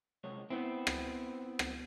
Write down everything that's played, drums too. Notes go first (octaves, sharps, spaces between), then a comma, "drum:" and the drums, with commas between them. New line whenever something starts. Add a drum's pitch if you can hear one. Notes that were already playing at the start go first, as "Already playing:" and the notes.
C2 G#3 C#5
B3 C4 E4
drum: rim click
drum: rim click